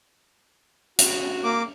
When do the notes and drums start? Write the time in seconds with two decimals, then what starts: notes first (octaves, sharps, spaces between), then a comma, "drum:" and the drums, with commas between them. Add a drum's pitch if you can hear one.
0.99 F#4, drum: hi-hat
1.44 A#3 D6